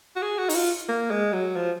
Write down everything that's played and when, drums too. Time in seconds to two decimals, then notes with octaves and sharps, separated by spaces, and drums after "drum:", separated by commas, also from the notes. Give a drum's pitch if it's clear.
0.16 F#4
0.22 G#4
0.38 F#4
0.49 D#4, drum: open hi-hat
0.55 F4
0.89 A#3
1.11 G#3
1.33 F#3
1.56 F3